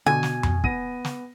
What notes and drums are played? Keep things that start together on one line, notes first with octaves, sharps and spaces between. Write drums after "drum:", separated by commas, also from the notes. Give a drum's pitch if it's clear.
B2 D3 G#5
drum: snare
drum: tom F2
B3 A#6 D#7, drum: kick
drum: snare